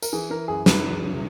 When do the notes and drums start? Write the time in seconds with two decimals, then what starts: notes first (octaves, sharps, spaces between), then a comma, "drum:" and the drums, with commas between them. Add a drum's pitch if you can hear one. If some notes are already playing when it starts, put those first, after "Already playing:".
0.02 A#4, drum: tambourine
0.13 E3 G#4
0.30 E3 A#4
0.48 F#2 G#4
0.66 F#2 B4, drum: snare
0.84 E3
1.02 C#3